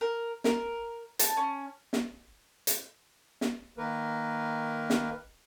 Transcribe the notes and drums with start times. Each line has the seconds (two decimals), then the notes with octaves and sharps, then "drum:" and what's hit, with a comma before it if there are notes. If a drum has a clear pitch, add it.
0.01 A#4
0.44 A#4, drum: snare
1.19 A5, drum: hi-hat
1.37 C#4
1.93 drum: snare
2.67 drum: hi-hat
3.41 drum: snare
3.78 D#3 A#3 A#4 B4
4.90 drum: snare